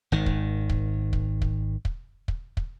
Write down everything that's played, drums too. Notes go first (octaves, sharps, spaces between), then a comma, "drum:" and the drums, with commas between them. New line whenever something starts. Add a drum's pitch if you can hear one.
G#1 D#3
drum: kick
drum: kick
drum: kick
drum: kick
drum: kick
drum: kick
drum: kick